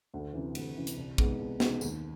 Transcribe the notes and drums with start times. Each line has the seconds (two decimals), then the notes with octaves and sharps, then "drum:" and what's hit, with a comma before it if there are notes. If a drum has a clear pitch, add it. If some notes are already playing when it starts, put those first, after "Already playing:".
0.14 D2
0.33 C3 E3
0.55 D2, drum: cymbal
0.76 C3 E3
0.87 drum: hi-hat
0.97 C2
1.18 B2 G#3 B3 D#4, drum: kick
1.39 C2
1.60 B2 G#3 B3 D#4, drum: snare
1.81 D#2, drum: tambourine